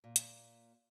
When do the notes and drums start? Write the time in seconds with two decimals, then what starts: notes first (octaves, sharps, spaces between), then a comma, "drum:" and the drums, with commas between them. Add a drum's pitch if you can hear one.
0.04 A#2
0.16 drum: hi-hat